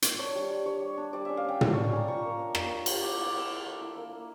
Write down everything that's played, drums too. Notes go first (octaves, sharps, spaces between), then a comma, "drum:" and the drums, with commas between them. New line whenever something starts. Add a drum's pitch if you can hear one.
drum: hi-hat
D4 C#5
G3
G3
D4 C#5
G3
D4
G3 D5
C#4 E5
F5
C#4 G5
G3 A5, drum: tom
G3 C#6
C#4 A#5
F4 C#6
A#3
D4
A#3, drum: rim click
A#3
F4, drum: cymbal
E4 D6
E4 E6
D6
E4 E6
E4
A3
E4
A#3
A#3